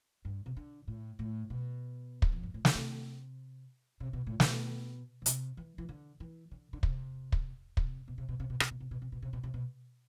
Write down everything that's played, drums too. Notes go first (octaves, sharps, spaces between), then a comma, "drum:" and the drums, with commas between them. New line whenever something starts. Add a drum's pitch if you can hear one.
G2
C3
D3
A2
A2
B2
drum: kick
F2
G2
A2
B2, drum: snare
C3
C3
B2
A2
B2, drum: snare
D3
C3, drum: hi-hat
E3
E3
D3
E3
D3
D3
C3, drum: kick
drum: kick
C3, drum: kick
B2
C3
B2
C3
B2
C3, drum: rim click
B2
C3
B2
C3
B2
C3
B2
C3
B2